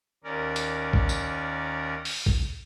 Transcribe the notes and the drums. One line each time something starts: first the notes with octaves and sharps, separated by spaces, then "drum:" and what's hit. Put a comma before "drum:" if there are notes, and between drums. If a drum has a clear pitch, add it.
D#2 C#4 A#4 D5
drum: hi-hat
drum: kick
drum: tambourine
drum: open hi-hat
drum: kick